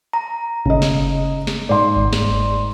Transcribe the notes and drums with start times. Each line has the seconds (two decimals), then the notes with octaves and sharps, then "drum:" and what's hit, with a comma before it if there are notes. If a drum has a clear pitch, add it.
0.13 A#5
0.66 C#3 D#5, drum: kick G1
0.82 drum: snare
1.47 drum: snare
1.69 G#2 D5 C6
1.96 drum: kick G1
2.13 drum: snare